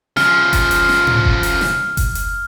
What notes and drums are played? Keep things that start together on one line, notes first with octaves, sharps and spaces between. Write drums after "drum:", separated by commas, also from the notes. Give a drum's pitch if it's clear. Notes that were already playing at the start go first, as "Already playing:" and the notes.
C#3 F3 F6, drum: snare
drum: kick F#1, hi-hat
drum: hi-hat
drum: snare
drum: tom A2
drum: kick F#1
drum: hi-hat
drum: snare
drum: kick F#1, hi-hat
drum: hi-hat